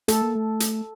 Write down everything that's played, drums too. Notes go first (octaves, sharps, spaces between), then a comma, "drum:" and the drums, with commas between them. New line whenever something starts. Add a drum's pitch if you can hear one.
A3 A4, drum: hi-hat
A#3
A3
drum: hi-hat